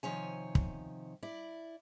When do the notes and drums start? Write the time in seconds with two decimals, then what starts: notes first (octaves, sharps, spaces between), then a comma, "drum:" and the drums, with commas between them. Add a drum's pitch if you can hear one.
0.03 C3 D#3 F3 C#5 G#5
0.55 drum: kick
1.23 E4 D5